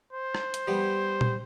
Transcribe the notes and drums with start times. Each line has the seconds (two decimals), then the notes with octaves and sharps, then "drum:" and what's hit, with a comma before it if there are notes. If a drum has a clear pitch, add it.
0.13 C5
0.35 drum: rim click
0.54 drum: hi-hat
0.67 G3 B3
1.21 drum: tom A#2